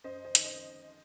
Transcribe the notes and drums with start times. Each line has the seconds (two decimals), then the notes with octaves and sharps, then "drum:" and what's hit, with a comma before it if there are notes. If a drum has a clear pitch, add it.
0.04 F#2 C5 D#5
0.25 C5 D#5
0.35 D#3, drum: hi-hat
0.45 C5 D#5